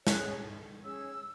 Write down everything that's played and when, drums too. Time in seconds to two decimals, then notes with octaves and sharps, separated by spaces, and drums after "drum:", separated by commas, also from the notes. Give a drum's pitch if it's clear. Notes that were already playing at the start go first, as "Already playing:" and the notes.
0.07 C#4 G#4 C#5 F#6, drum: snare
0.84 C#4 G#4 C#5 E6